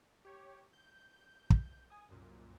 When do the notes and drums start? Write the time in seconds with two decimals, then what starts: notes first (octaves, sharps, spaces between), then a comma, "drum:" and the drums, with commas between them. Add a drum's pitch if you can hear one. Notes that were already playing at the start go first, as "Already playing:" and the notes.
0.25 G4 C#5
0.73 G6
1.50 drum: kick
1.90 G#5 D#6
2.09 C2 F#2 A#2